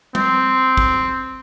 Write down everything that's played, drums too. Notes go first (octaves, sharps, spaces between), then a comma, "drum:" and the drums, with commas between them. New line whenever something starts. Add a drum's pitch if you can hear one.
C4, drum: tom G3
drum: kick